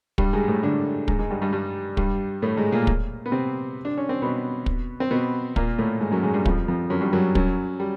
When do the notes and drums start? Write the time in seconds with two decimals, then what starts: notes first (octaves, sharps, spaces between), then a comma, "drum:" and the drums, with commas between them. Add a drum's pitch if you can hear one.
0.18 G2 G3, drum: kick
0.33 G#2 G#3
0.48 A2 A3
0.63 D3 D4
1.08 G#2 G#3, drum: kick
1.19 G#2 G#3
1.30 G2 G3
1.42 G2 G3
1.53 G2 G3
1.97 G2 G3, drum: kick
2.42 A2 A3
2.57 G#2 G#3
2.72 A#2 A#3
2.87 drum: kick
3.26 B3
3.32 C3 C4
3.85 D4
3.98 C#4
4.09 C4
4.22 B2 B3
4.66 drum: kick
5.00 C4
5.11 B2 B3
5.56 A#2 A#3, drum: kick
5.78 A2 A3
6.01 G#2 G#3
6.12 F#2 F#3
6.23 G#2 G#3
6.34 G2 G3
6.45 F2 F3, drum: kick
6.68 F2 F3
6.90 F#2 F#3
7.01 G2 G3
7.13 F#2 F#3
7.35 F#2 F#3, drum: kick
7.80 G3